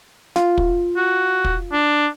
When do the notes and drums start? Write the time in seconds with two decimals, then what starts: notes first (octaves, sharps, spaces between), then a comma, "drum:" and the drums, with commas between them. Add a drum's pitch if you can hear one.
0.36 F4, drum: snare
0.58 drum: kick
0.97 F#4
1.44 drum: kick
1.73 D4